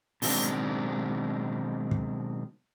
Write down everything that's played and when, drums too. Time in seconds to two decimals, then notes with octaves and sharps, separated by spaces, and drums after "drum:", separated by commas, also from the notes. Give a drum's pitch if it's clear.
0.22 B2 D#3 F#3 G#3 C4 D4, drum: open hi-hat
1.91 drum: kick